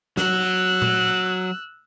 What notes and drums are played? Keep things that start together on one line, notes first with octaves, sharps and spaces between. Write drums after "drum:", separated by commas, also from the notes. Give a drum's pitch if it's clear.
F#3 F#4 E6 F#6, drum: snare
drum: tom A#2